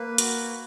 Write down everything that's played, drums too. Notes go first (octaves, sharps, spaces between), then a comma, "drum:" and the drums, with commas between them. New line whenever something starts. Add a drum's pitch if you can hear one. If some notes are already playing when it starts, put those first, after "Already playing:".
Already playing: A#3 B4
F#4, drum: hi-hat